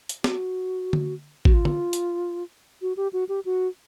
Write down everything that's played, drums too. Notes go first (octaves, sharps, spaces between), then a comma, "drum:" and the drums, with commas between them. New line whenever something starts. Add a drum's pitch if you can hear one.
drum: hi-hat
F#4, drum: snare
drum: tom D3
F#4, drum: kick
F4
drum: tom D3
drum: hi-hat
F#4
G4
F#4
G4
F#4